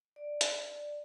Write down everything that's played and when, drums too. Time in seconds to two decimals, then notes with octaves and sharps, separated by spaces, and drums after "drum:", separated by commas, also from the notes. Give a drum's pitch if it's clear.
0.16 D5
0.41 drum: hi-hat